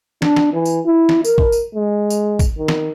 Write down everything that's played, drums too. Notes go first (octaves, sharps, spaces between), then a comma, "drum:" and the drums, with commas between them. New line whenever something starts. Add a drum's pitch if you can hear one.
D4, drum: snare
drum: snare
E3
drum: tambourine
E4
drum: snare
A#4, drum: tambourine
drum: kick
drum: tambourine
G#3
drum: tambourine
drum: kick, tambourine
D#3
drum: snare